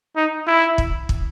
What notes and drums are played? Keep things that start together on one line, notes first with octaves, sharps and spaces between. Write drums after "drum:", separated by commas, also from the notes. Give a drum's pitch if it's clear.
D#4
E4
drum: kick
drum: kick